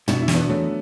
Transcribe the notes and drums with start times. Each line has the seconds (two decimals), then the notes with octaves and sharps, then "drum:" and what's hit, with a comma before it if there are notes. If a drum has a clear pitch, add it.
0.08 B2 D4, drum: tom
0.21 E4
0.28 E2, drum: snare
0.34 B3 D4
0.49 E2 F#3 A3